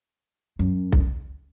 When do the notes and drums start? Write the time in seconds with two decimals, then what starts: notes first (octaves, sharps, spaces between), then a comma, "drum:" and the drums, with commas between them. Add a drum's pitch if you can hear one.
0.59 F#2
0.92 drum: kick B1